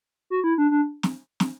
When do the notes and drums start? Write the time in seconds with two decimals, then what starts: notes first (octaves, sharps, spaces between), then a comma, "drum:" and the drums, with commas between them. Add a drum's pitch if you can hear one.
0.30 F#4
0.44 E4
0.58 D4
0.71 D4
1.03 drum: snare
1.40 drum: snare